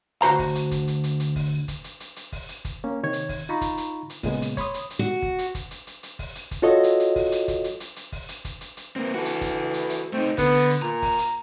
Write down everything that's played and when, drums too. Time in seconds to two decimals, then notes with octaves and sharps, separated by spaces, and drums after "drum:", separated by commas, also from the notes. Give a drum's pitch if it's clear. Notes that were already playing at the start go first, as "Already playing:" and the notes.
0.22 D2 F#4 C5 A#5, drum: hi-hat
0.39 drum: kick G1, open hi-hat
0.55 drum: hi-hat
0.71 drum: kick G1, hi-hat
0.87 drum: hi-hat
1.04 drum: hi-hat
1.20 drum: hi-hat
1.36 drum: kick G1, open hi-hat
1.68 drum: kick G1, hi-hat
1.84 drum: hi-hat
2.00 drum: hi-hat
2.16 drum: hi-hat
2.32 drum: kick G1, open hi-hat
2.49 drum: hi-hat
2.65 drum: kick G1, hi-hat
2.84 A#3 C#4
3.03 C3 D#3 C#5 G#6
3.13 drum: hi-hat
3.29 drum: kick G1, open hi-hat
3.49 D#4 F4 A#5 B5 C#6
3.61 drum: kick G1, hi-hat
3.77 drum: hi-hat
4.10 drum: hi-hat
4.23 A#2 C#3 G#3 B3, drum: kick G1, open hi-hat
4.42 drum: hi-hat
4.57 C#5 B5 C6 D#6, drum: kick G1, hi-hat
4.74 drum: hi-hat
4.90 drum: hi-hat
4.99 F#4
5.22 drum: kick G1
5.39 drum: hi-hat
5.55 drum: kick G1, hi-hat
5.71 drum: hi-hat
5.87 drum: hi-hat
6.03 drum: hi-hat
6.19 drum: kick G1, open hi-hat
6.35 drum: hi-hat
6.51 drum: kick G1, hi-hat
6.62 F4 F#4 A4 C#5 D#5
6.84 drum: hi-hat
7.00 drum: hi-hat
7.16 drum: kick G1, open hi-hat
7.32 drum: hi-hat
7.48 drum: kick G1, hi-hat
7.64 drum: hi-hat
7.80 drum: hi-hat
7.96 drum: hi-hat
8.12 drum: kick G1, open hi-hat
8.29 drum: hi-hat
8.45 drum: kick G1, hi-hat
8.61 drum: hi-hat
8.77 drum: hi-hat
8.96 A#3 C4
9.14 E3 F#4 A4
9.25 drum: hi-hat
9.41 drum: kick G1, hi-hat
9.74 drum: hi-hat
9.90 drum: hi-hat
10.13 A3 C4 D#4
10.38 D3 B3, drum: kick G1, hi-hat
10.54 drum: hi-hat
10.70 drum: hi-hat
10.82 A#2 A#5
11.02 drum: kick G1, open hi-hat
11.19 drum: hi-hat